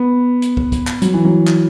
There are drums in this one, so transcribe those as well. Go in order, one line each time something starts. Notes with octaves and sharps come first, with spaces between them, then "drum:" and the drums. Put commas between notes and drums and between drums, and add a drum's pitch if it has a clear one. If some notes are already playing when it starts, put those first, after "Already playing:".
Already playing: B3
drum: hi-hat
drum: kick
drum: kick, hi-hat
drum: clap
F#3, drum: hi-hat
E3
F#3
drum: clap